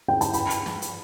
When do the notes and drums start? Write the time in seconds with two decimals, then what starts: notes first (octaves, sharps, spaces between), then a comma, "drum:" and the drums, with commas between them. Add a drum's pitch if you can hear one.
0.08 G5
0.21 A5, drum: hi-hat
0.33 B5, drum: hi-hat
0.50 drum: hi-hat
0.66 drum: snare
0.82 drum: hi-hat